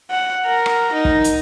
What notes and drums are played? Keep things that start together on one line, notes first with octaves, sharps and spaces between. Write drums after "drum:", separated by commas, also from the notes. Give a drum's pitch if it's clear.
F#5
A#4
drum: rim click
D#4
drum: kick
drum: hi-hat